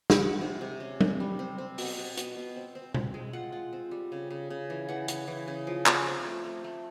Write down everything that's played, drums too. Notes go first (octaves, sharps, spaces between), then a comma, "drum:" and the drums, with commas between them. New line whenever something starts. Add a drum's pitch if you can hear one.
drum: snare
G#3 F#5
C3
C3
C#4
C4, drum: tom
G3
C4
C4
B2, drum: open hi-hat
B2
B2, drum: hi-hat
B2
C4
C4
C4, drum: tom B2
G#3
F4 F#5
F4
C4
G3
C#3
C#3
C#3
E3
E3 F#5
C#3, drum: hi-hat
E3
C#3
F3
F3, drum: clap
C4
A3
A3
A3